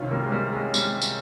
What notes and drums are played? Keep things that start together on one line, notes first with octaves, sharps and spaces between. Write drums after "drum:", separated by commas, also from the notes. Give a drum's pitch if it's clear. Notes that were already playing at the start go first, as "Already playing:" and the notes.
Already playing: C2 C3 D#3 C#4 F4
G3 A#3
G#3
G3 A#3
G#3
G3, drum: tambourine
drum: tambourine